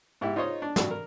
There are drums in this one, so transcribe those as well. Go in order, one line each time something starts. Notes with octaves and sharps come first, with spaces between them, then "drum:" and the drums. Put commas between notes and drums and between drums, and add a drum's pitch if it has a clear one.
G#2 E4 G4
D#4 F4 C5 C#5 D#5
D4
G2 F#3, drum: snare
A#4